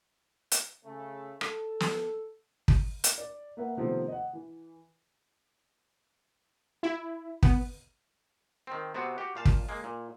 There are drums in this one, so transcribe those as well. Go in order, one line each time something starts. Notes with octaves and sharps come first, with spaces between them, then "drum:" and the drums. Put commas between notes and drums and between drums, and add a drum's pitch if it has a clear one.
drum: hi-hat
C#3 A3
A4, drum: rim click
drum: snare
drum: kick
drum: hi-hat
D5
A#3 B4 E5 F#5
C3 D#3 F3 A3 B3 C4
D#5 F#5
E3
E4
B3, drum: kick
D#3 C4
C3 B3 C4 F#4
F#4 G4
A#2 F5 A5
drum: kick
G#3 A#3
A#2